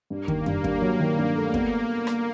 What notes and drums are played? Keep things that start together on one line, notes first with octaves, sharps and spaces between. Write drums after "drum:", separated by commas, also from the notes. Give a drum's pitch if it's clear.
G2 A#3
D#3, drum: kick
G2, drum: tom F2
G2, drum: kick
F#3
D#3
G2
A3
B3, drum: kick
drum: rim click